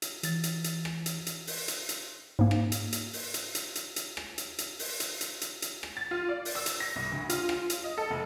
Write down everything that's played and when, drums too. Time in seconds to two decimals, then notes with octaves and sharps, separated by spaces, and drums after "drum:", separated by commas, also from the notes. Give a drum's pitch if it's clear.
0.02 drum: hi-hat
0.23 E3 A6, drum: hi-hat
0.44 drum: hi-hat
0.64 drum: hi-hat
0.85 drum: rim click
1.06 drum: hi-hat
1.27 drum: hi-hat
1.47 drum: open hi-hat
1.68 drum: hi-hat
1.89 drum: hi-hat
2.39 G#2 A#3
2.51 drum: rim click
2.72 drum: hi-hat
2.92 drum: hi-hat
3.13 drum: open hi-hat
3.34 drum: hi-hat
3.55 drum: hi-hat
3.75 drum: hi-hat
3.96 drum: hi-hat
4.17 drum: rim click
4.38 drum: hi-hat
4.58 drum: hi-hat
4.79 drum: open hi-hat
5.00 drum: hi-hat
5.21 drum: hi-hat
5.41 drum: hi-hat
5.62 drum: hi-hat
5.83 drum: rim click
5.97 A6
6.11 F4
6.29 D5
6.45 drum: open hi-hat
6.55 E6
6.66 drum: hi-hat
6.80 A#6
6.96 C2
7.12 D2
7.30 F4, drum: hi-hat
7.49 F4, drum: rim click
7.70 drum: hi-hat
7.84 D#5
7.98 A4
8.10 F1